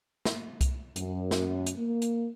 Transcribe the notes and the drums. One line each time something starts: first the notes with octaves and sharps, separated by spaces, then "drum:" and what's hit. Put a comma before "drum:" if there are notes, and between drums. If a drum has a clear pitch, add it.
drum: snare
drum: kick C2, hi-hat
F#2, drum: hi-hat
drum: snare
drum: hi-hat
A#3
drum: hi-hat